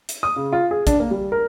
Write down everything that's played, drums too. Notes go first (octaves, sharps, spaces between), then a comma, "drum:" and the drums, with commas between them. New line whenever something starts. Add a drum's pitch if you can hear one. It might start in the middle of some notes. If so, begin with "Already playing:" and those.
drum: hi-hat
D#6
C#3
F4
G#4
D4, drum: kick A1, hi-hat
A#3
G3
A#4